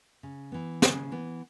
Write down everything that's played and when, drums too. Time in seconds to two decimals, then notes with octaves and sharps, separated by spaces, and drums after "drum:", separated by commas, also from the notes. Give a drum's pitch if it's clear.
0.23 C#3
0.52 E3 B3
0.82 C#3, drum: snare
1.12 E3 B3